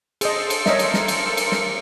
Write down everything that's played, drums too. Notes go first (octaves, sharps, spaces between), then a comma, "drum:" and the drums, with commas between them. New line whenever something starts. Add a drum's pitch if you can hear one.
G#4 A4 C5 D#5, drum: cymbal
drum: cymbal
A#4 C#5 D#5 E5, drum: snare
drum: cymbal
drum: snare
drum: cymbal
drum: cymbal
drum: snare